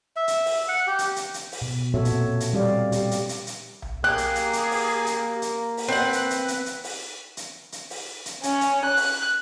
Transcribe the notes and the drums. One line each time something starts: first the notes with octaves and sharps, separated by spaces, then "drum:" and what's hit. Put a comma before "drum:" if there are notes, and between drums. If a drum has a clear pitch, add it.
E5
drum: hi-hat
drum: open hi-hat
F#5
G4
drum: hi-hat
drum: hi-hat
drum: hi-hat
drum: open hi-hat
B2
A#2 C4 F#4 A4 C#5 E5
drum: hi-hat
drum: hi-hat
G3 C4 G4 D5 F5
G4, drum: hi-hat
drum: hi-hat
drum: hi-hat
drum: hi-hat
drum: tom B1
A#3 G4 G#4 F#6
drum: hi-hat
drum: hi-hat
drum: hi-hat
drum: open hi-hat
drum: hi-hat
drum: hi-hat
drum: open hi-hat
C4 B4 F#5
drum: hi-hat
drum: hi-hat
drum: hi-hat
drum: hi-hat
drum: open hi-hat
drum: hi-hat
drum: hi-hat
drum: open hi-hat
drum: hi-hat
C#4, drum: hi-hat
drum: hi-hat
F#6
drum: open hi-hat